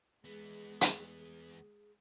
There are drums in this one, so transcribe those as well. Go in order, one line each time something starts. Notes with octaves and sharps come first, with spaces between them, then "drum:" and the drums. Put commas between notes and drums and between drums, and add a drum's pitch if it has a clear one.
E2 G#3 B3 G#4
drum: hi-hat